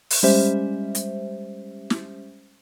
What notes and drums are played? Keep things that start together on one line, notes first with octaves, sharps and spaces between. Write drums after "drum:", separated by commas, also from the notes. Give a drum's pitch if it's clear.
drum: open hi-hat
G3 G#3 C#4 G4 C5 E5
drum: hi-hat
drum: snare